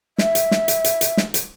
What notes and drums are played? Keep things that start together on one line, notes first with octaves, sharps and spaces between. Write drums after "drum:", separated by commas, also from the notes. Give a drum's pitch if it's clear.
E5, drum: snare
drum: hi-hat
drum: snare
drum: hi-hat
drum: hi-hat
drum: hi-hat
drum: snare
drum: hi-hat